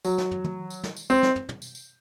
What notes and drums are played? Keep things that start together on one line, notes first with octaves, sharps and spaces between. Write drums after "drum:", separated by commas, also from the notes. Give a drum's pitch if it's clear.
F#3, drum: tambourine
drum: snare
drum: tom
drum: tom
drum: tambourine
drum: snare
drum: tambourine
C4, drum: tambourine
drum: snare
drum: tom
drum: tom
drum: tambourine
drum: tambourine